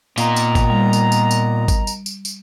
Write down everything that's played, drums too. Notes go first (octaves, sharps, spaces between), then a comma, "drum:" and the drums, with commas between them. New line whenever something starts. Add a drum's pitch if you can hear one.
A#2 D#3 B3 F4 A#5, drum: tambourine
drum: tambourine
drum: kick, tambourine
G3
drum: tambourine
drum: tambourine
drum: tambourine
drum: kick, tambourine
drum: tambourine
drum: tambourine
drum: tambourine